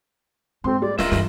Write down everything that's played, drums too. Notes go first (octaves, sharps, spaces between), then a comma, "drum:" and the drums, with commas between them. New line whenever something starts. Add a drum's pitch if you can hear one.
G#2 C4 A4 C6
G3 G#3 D5
F4 A#4 D#5 E5, drum: snare
G2 E3, drum: snare